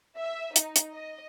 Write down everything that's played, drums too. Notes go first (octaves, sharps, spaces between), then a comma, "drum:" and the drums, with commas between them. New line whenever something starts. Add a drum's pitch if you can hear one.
E5
D#4, drum: hi-hat
drum: hi-hat
D#5